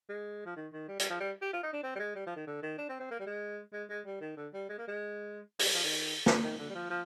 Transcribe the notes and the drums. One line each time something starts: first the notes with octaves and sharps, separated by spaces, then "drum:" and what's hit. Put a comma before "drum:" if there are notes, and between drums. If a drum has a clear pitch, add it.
G#3
F3
D#3
D#3
G3
G3, drum: hi-hat
F3
G3
G4
F4
D#4
D4
C4
G3
G#3
G3
F3
D#3
D3
D#3
D4
C4
C4
A#3
G3
G#3
G#3
G#3
G3
D#3
D3
G3
G#3
A#3
G#3
G#3, drum: open hi-hat
G3
F3
D#3
D3, drum: snare
D#3
D3
G3
F3
F3